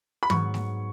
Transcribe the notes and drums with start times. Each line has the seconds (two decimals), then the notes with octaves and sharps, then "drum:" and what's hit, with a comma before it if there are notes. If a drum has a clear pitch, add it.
0.23 B5
0.30 G#2 F#3 B3 C#6, drum: tom
0.54 drum: snare A3